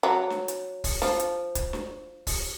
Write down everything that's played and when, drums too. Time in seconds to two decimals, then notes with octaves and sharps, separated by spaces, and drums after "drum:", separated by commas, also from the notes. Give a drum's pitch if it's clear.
0.03 F#3
0.30 drum: snare
0.48 drum: hi-hat
0.84 drum: kick, open hi-hat
1.02 F3, drum: snare
1.20 drum: hi-hat
1.55 drum: kick, hi-hat
1.73 drum: snare
2.27 drum: kick, open hi-hat